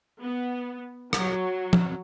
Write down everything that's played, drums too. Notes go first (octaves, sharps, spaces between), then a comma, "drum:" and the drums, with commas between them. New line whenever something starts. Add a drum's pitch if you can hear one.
B3
F#3, drum: rim click
drum: tom F3